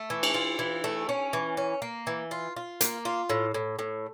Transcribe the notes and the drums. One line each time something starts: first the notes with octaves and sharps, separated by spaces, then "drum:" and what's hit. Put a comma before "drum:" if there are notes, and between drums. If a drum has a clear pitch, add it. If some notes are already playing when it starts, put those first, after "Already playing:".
Already playing: A3
E3
drum: cymbal
F4
E3
A3
C#4
E3
C#4
A#3
E3
F4
F4
A#3, drum: hi-hat
F4
A2
A2
A2